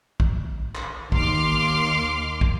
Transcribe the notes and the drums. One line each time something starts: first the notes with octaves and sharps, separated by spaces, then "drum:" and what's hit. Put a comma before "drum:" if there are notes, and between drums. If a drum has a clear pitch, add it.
drum: kick
drum: clap
D#2 C6 D6 F6, drum: kick
drum: kick